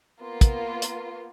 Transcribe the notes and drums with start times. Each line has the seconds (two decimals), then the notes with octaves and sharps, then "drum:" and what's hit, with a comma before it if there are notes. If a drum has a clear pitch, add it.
0.21 A#3 B3 F4
0.41 drum: kick, hi-hat
0.82 drum: hi-hat